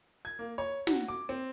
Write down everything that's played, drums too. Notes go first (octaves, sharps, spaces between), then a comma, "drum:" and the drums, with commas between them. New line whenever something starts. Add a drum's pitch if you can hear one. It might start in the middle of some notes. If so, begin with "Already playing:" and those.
G#6
A#3
C#5
F#4, drum: snare
D6
C4